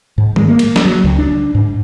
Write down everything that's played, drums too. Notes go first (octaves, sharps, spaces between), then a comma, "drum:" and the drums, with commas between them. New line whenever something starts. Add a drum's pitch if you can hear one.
G#2
G#3, drum: tom D#3
A#3
drum: cymbal
drum: snare
F#3
C#2
D4
G#2